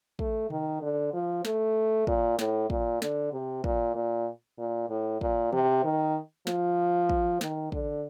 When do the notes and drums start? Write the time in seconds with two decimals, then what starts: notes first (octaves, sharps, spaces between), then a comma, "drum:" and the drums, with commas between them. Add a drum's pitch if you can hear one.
0.19 A3, drum: kick
0.50 D#3, drum: tom C3
0.82 D3
1.13 F3
1.45 A3, drum: snare
2.07 A#2, drum: kick
2.39 A2, drum: snare
2.70 A#2, drum: kick
3.02 D3, drum: snare
3.33 C3
3.64 A#2, drum: kick
3.95 A#2
4.58 A#2
4.90 A2
5.21 A#2, drum: kick
5.53 C3, drum: tom
5.84 D#3
6.47 F3, drum: snare
7.09 drum: kick
7.41 D#3, drum: snare
7.72 D3, drum: kick